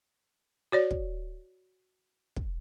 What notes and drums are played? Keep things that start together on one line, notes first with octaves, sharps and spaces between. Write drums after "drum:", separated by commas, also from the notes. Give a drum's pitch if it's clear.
F#4 C#5 D5
drum: kick
drum: kick